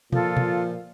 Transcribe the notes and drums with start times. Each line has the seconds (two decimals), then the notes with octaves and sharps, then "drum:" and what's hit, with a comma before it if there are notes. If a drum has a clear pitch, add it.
0.12 A#2 F3 F4 A4, drum: tom
0.37 drum: tom